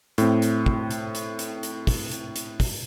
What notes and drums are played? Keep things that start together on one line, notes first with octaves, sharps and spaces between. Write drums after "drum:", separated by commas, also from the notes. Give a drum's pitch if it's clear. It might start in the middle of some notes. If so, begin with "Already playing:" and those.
A2 C4, drum: hi-hat
drum: hi-hat
drum: kick
drum: hi-hat
drum: hi-hat
drum: hi-hat
drum: hi-hat
drum: kick, open hi-hat
drum: hi-hat
drum: hi-hat
drum: kick, open hi-hat